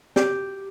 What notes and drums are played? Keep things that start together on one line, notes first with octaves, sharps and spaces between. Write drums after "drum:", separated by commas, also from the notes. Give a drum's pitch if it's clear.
G4, drum: snare